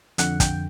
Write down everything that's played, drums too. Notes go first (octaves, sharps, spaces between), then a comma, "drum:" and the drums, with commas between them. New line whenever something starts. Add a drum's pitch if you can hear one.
F2 D3 F#5, drum: hi-hat
G5, drum: kick, hi-hat